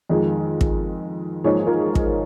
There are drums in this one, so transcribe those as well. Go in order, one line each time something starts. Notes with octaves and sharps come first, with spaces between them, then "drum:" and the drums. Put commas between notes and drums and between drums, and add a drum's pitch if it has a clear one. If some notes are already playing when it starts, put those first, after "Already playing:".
F2 D#3 G#3
drum: kick
G#2 F3 A#3 D#4 G#4 C#5
F4 A#4
drum: kick